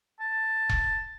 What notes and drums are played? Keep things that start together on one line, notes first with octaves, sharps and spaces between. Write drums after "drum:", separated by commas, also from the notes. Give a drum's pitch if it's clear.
A5
drum: kick E1